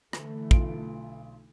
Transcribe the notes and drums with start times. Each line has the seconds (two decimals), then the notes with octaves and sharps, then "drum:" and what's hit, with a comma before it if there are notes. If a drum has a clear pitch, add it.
0.13 D3 E3 A3, drum: rim click
0.51 B1 F4 D7, drum: kick